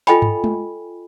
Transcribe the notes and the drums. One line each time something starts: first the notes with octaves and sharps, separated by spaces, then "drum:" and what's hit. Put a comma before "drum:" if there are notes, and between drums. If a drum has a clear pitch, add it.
F4 A4 D#5 G5 G#5 B5, drum: snare
drum: tom
drum: tom